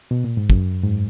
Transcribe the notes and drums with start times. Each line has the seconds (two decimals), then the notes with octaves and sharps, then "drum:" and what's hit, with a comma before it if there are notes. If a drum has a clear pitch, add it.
0.11 B2
0.24 A#2
0.37 G#2
0.50 F#2, drum: kick
0.84 G#2